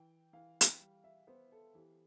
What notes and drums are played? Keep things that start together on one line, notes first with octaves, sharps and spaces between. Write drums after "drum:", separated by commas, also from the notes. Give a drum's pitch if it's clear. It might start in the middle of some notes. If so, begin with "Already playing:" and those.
Already playing: E3 G5
E3 F5
drum: hi-hat
G3
E5
B3 C5
A4
E3 G4